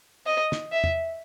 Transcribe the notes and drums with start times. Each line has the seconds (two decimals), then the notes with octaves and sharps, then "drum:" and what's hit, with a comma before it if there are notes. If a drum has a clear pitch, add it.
0.26 D#5
0.52 drum: snare
0.72 E5
0.84 drum: tom